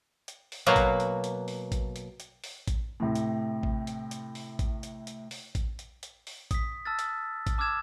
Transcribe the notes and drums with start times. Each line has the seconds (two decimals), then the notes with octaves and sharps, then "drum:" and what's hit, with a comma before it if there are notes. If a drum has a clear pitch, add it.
0.28 drum: hi-hat
0.52 drum: open hi-hat
0.66 B2 F#3 A#3
0.76 drum: kick A1, hi-hat
1.00 drum: hi-hat
1.24 drum: hi-hat
1.48 drum: open hi-hat
1.72 drum: kick A1, hi-hat
1.96 drum: hi-hat
2.20 drum: hi-hat
2.44 drum: open hi-hat
2.68 drum: kick A1, hi-hat
3.00 A2 C3
3.15 drum: hi-hat
3.63 drum: kick A1
3.87 drum: hi-hat
4.11 drum: hi-hat
4.35 drum: open hi-hat
4.59 drum: kick A1, hi-hat
4.83 drum: hi-hat
5.07 drum: hi-hat
5.31 drum: open hi-hat
5.55 drum: kick A1, hi-hat
5.79 drum: hi-hat
6.03 drum: hi-hat
6.27 drum: open hi-hat
6.51 D#6 B6, drum: kick A1, hi-hat
6.85 A5 E6 F6 A6
6.99 drum: hi-hat
7.47 drum: kick A1, hi-hat
7.58 A5 D6 E6 F6 G#6 E7